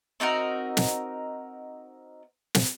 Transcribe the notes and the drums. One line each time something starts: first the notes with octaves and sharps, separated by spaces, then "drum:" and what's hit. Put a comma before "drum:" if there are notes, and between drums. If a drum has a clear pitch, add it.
C4 D#4 F#4 A#4
drum: snare
drum: snare